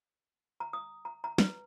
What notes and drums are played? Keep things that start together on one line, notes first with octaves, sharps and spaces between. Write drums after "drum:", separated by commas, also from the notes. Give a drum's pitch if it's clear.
A#5
D#6
A#5
A#5
B4, drum: snare